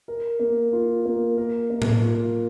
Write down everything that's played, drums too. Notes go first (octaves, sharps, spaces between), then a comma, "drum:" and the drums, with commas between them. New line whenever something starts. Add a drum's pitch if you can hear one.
A#4
A#3
F4
A#3
A#4
A#3
drum: tom A2
F4